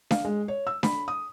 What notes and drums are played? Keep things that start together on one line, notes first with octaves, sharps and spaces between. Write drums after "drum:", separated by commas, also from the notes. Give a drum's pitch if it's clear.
F5, drum: snare D4
G#3
C#5
E6
B5, drum: snare D4
D#6